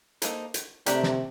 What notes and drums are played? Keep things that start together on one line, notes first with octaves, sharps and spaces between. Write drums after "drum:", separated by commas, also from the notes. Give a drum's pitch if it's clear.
A#3 D#4 A4 C5, drum: hi-hat
drum: hi-hat
C3 A3 D4 G4 A#4, drum: hi-hat
drum: snare